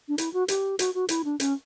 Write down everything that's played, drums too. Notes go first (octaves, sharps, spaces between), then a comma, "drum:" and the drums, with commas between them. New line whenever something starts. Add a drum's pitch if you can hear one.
D4
E4, drum: hi-hat
F#4
G4, drum: hi-hat
F#4, drum: hi-hat
F#4
E4, drum: hi-hat
D4
C#4, drum: hi-hat